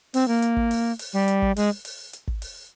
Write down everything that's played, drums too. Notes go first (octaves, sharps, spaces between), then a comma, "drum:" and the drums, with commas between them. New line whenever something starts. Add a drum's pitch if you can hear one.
C4, drum: open hi-hat
A#3
drum: hi-hat
drum: kick
drum: open hi-hat
drum: open hi-hat
G3
drum: hi-hat
drum: kick
G#3, drum: open hi-hat
drum: open hi-hat
drum: hi-hat
drum: kick
drum: open hi-hat